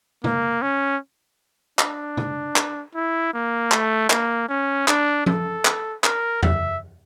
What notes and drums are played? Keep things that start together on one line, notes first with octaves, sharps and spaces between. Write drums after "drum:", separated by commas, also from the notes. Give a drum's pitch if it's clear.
A#3, drum: tom C3
C#4
D4, drum: clap
drum: tom C3
drum: clap
E4
A#3
A3, drum: clap
A#3, drum: clap
C#4
D4, drum: clap
A4, drum: tom F3
drum: clap
A#4, drum: clap
E5, drum: tom E2